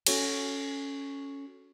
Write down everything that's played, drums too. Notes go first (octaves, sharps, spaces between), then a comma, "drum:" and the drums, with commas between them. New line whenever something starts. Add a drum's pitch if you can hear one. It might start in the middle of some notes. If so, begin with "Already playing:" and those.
C#4 F#4 A4 C#5 G#5, drum: cymbal